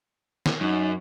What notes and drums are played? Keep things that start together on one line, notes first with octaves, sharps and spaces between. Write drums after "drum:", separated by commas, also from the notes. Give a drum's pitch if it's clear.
drum: snare
F#2 D#4